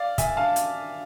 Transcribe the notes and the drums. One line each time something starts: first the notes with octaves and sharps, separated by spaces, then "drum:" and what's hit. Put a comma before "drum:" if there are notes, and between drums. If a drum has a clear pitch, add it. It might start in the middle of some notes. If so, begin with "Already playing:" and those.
Already playing: D5 F5
E5 G#5, drum: kick, hi-hat
F5 A5
drum: hi-hat